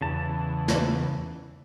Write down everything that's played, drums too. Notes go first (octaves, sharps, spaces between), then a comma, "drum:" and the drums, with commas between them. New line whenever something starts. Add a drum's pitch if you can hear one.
E2 C#3 A5
drum: snare